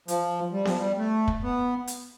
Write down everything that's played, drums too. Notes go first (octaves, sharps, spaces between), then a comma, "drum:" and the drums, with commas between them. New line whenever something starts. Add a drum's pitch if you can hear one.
F3, drum: hi-hat
G3
F3, drum: snare B3
G3
A3
drum: kick
B3
drum: hi-hat